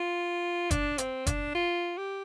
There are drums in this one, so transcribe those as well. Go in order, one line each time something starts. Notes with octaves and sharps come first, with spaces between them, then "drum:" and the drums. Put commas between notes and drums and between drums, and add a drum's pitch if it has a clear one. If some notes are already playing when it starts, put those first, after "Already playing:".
Already playing: F4
D4, drum: kick F#1, hi-hat
C4, drum: hi-hat
D4, drum: kick F#1, hi-hat
F4
G4